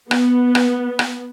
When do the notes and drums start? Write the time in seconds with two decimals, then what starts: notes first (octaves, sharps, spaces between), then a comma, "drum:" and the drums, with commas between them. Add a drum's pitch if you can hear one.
0.11 B3, drum: rim click
0.55 drum: rim click
0.99 drum: rim click